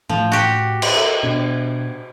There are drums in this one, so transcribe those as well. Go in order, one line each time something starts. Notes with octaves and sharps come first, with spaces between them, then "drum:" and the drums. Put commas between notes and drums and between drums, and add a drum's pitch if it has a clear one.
A2 F3
F#4 G4
drum: cymbal
A4 A#4 E5
B2 D4 G#6